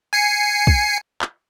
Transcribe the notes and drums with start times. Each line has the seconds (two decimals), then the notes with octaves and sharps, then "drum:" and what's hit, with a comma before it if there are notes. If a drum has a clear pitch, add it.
0.13 G#5 C7 C#7
0.67 drum: kick
1.22 drum: clap